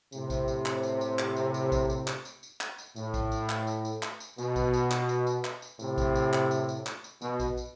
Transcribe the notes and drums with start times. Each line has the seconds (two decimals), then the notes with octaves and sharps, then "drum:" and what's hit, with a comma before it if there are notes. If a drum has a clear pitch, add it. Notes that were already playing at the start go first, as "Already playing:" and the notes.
0.12 A2 C3, drum: tambourine
0.30 drum: kick A#1, tambourine
0.48 drum: tambourine
0.66 drum: clap
0.83 drum: tambourine
1.01 drum: tambourine
1.19 drum: clap
1.36 drum: tambourine
1.54 drum: tambourine
1.72 drum: kick A#1, tambourine
1.90 drum: tambourine
2.07 drum: clap
2.25 drum: tambourine
2.43 drum: tambourine
2.61 drum: clap
2.78 drum: tambourine
2.96 A2, drum: tambourine
3.14 drum: kick A#1, tambourine
3.32 drum: tambourine
3.49 drum: clap
3.67 drum: tambourine
3.85 drum: tambourine
4.03 drum: clap
4.20 drum: tambourine
4.38 B2, drum: tambourine
4.56 drum: kick A#1, tambourine
4.74 drum: tambourine
4.91 drum: clap
5.09 drum: tambourine
5.27 drum: tambourine
5.45 drum: clap
5.62 drum: tambourine
5.79 A2 C3, drum: tambourine
5.98 drum: kick A#1, tambourine
6.15 drum: tambourine
6.33 drum: clap
6.51 drum: tambourine
6.69 drum: tambourine
6.86 drum: clap
7.04 drum: tambourine
7.21 B2, drum: tambourine
7.40 drum: kick A#1, tambourine
7.57 drum: tambourine